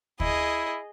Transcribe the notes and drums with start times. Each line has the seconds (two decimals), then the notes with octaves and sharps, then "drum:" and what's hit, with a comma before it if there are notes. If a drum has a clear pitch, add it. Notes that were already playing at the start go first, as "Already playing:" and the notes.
0.20 E4 G#4 D#5, drum: kick